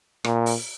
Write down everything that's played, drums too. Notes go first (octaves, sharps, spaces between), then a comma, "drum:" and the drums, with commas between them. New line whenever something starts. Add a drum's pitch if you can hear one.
A#2, drum: rim click
drum: open hi-hat